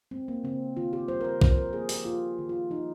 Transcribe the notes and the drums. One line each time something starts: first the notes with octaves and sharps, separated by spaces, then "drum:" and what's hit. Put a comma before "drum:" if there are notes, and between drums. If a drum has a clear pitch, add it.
G#3 C4
A#3
C#3 C4
D#3 F4
G4
G3 C5
A#4
C5
F3 C5, drum: kick
C5
A#4
A#3 G#4
G4, drum: open hi-hat
A#3 F4
D#3
F4
F3 D#4